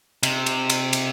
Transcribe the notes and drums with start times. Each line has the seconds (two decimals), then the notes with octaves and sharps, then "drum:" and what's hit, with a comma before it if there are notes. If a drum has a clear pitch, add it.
0.23 C3, drum: cymbal
0.46 drum: cymbal
0.70 drum: cymbal
0.93 drum: cymbal